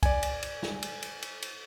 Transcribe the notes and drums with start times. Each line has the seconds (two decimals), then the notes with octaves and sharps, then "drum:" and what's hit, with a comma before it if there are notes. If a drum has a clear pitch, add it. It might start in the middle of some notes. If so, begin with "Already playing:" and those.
0.03 D5 G#5, drum: kick C2, cymbal
0.23 drum: cymbal
0.43 drum: cymbal
0.63 drum: snare
0.83 drum: cymbal
1.02 drum: cymbal
1.22 drum: cymbal
1.42 drum: cymbal